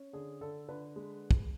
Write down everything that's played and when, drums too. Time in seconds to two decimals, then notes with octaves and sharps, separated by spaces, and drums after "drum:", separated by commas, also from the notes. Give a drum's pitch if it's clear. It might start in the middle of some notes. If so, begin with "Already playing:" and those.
Already playing: C#4
0.13 D3 G#4
0.41 D3 A4
0.68 D3 B4
0.96 G#3
1.31 drum: kick